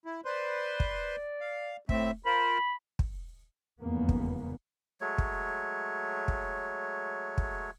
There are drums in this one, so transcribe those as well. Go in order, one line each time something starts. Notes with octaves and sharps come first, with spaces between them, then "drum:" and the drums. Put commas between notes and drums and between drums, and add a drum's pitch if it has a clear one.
E4
B4 C5 D5 C6
drum: kick
F5
A2 A3 C4 E5, drum: kick
F4 A#4 C5 B5
drum: kick
F1 E2 G#2 C#3 A#3 B3
drum: kick
F#3 G#3 A3 C#5
drum: kick
drum: kick
drum: kick